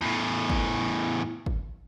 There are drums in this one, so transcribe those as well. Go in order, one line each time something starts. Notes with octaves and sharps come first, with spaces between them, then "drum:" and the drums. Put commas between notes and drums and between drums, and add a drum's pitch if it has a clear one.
E2 A2
drum: kick
drum: kick